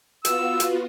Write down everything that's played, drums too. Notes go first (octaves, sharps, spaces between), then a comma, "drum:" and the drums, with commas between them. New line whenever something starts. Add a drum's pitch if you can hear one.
B3 F4 F#4 E6, drum: hi-hat
drum: hi-hat